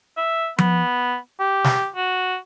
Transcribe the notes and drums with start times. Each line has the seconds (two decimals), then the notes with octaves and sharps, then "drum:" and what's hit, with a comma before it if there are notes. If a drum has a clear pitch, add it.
0.17 E5
0.58 B3, drum: tom F3
1.40 G4
1.64 drum: snare
1.96 F#4